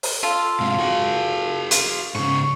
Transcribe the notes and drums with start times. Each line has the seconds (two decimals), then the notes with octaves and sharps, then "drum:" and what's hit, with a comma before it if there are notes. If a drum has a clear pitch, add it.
0.03 drum: open hi-hat
0.23 F4 A4
0.60 G#2 C3 G#3
0.79 F#4 G#4 F#5
1.71 F4, drum: hi-hat
2.15 G#2 C#3 C#6